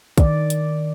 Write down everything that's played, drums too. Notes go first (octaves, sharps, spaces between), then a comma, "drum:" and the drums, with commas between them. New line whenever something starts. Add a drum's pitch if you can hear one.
D#3 D5, drum: kick, hi-hat
drum: hi-hat